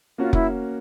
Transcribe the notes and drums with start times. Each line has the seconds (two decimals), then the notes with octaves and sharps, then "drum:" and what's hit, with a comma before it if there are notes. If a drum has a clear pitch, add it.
0.18 A#3 C#4 F4 F#4
0.33 E4, drum: kick F1